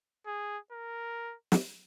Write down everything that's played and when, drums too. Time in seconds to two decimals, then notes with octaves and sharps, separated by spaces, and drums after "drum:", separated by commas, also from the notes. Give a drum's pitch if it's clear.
0.26 G#4
0.72 A#4
1.52 drum: snare